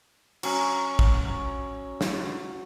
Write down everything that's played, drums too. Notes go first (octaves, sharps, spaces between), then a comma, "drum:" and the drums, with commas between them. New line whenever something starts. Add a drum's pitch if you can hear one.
F#3 C#4, drum: cymbal
drum: kick
drum: snare